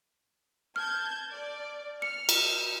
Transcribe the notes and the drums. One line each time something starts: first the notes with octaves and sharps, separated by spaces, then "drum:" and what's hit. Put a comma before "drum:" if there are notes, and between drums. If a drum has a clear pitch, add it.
A5 F6 G6 G#6
D5
F6 C#7
drum: cymbal